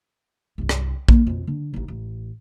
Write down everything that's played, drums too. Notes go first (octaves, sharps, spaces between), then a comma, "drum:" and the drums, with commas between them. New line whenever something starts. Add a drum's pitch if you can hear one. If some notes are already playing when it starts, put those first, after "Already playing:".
C2 G2
drum: rim click
A#3 D#4, drum: kick A#1
F2 B2
D3
A1 D#4
A1